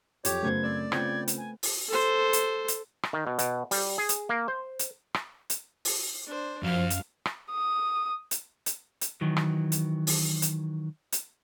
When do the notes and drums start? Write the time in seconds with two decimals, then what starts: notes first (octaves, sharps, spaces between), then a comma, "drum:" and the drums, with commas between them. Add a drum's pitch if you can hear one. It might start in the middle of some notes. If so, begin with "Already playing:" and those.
0.25 F2 F#3 G4 C#5, drum: hi-hat
0.43 F#2 C#3 A3 B3 C5 G#6
0.63 C4 D5 E6
0.92 C#3 B3 C4 F4 G5 G#6, drum: rim click
1.28 drum: hi-hat
1.37 G#5
1.63 drum: open hi-hat
1.88 A4 C5
2.33 drum: hi-hat
2.68 drum: hi-hat
3.03 drum: rim click
3.13 D#3
3.27 B2
3.39 B2, drum: hi-hat
3.71 G3, drum: open hi-hat
3.98 G#4
4.09 drum: hi-hat
4.29 A#3
4.48 C5
4.79 drum: hi-hat
5.14 drum: rim click
5.50 drum: hi-hat
5.85 drum: open hi-hat
6.26 D4 C5
6.63 F#2 F3 F5
6.90 drum: hi-hat
7.25 drum: rim click
7.52 D#6
8.31 drum: hi-hat
8.66 drum: hi-hat
9.01 drum: hi-hat
9.21 D#3 E3 F#3
9.37 drum: rim click
9.72 drum: hi-hat
10.07 drum: open hi-hat
10.42 drum: hi-hat
11.12 drum: hi-hat